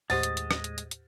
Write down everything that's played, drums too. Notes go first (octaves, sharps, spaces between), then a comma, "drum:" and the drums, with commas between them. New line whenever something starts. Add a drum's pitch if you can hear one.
D#2 A2 G#3 G4 C5 D#5 F#5 A6, drum: open hi-hat
drum: hi-hat
drum: hi-hat
drum: rim click
drum: hi-hat
drum: hi-hat
drum: hi-hat